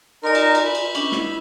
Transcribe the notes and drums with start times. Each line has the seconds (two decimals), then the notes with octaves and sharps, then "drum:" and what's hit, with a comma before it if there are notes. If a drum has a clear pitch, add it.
0.24 D#4 A#4 D5 G#5 C6
0.35 drum: cymbal
0.55 drum: cymbal
0.65 B5
0.75 drum: cymbal
0.95 C#4 D4, drum: cymbal
1.12 E4, drum: snare